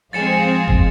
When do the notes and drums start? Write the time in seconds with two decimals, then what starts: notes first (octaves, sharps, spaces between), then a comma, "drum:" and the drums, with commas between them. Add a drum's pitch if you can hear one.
0.13 F3 G#3 C4 G#4 F5 A6 C#7 E7
0.68 drum: kick